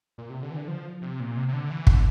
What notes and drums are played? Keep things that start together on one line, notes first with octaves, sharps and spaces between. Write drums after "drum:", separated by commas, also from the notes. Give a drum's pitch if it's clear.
A#2
C3
D3
E3
D3
F3
C3
A#2
C3
C3
D3
E3
D3, drum: kick